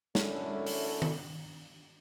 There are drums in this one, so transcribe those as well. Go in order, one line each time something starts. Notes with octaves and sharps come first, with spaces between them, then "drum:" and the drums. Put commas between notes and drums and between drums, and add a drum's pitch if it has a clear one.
F#2 D3 A3 C#4 E4, drum: snare
drum: open hi-hat
drum: tom D#3